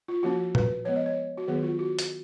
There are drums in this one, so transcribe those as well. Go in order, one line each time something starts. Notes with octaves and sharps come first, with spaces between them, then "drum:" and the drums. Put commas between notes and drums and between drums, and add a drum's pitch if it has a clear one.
F4
F3 A#3 C#4 F#4
B4, drum: tom A#2
F3 G#3 B3 C#5
D#5
C#5
F#4
D#3 F#3 B3 G#4
F4
F#4
drum: hi-hat